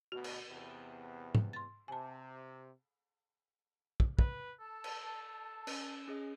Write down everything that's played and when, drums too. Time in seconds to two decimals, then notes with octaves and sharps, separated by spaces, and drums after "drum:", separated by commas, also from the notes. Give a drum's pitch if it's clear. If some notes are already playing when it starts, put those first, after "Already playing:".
0.12 D2 B2 F#4
0.24 drum: cymbal
0.48 E2 C3 B3
1.35 drum: tom G#2
1.53 C6 A6
1.88 C3 G#5 A5
4.00 drum: kick
4.19 B4, drum: kick
4.60 A4 A5
4.84 drum: cymbal
5.67 C#4, drum: cymbal
6.08 C#4 G#4 D#5